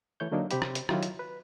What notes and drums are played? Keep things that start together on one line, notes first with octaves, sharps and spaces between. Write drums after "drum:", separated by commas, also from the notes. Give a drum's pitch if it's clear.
E3 A3 C#5 G6
D3 F#3 A#3 D4 D#4
C3 C4 G4 B5, drum: hi-hat
drum: rim click
drum: hi-hat
D#3 F#3 E4 F4 G4, drum: rim click
drum: hi-hat
B4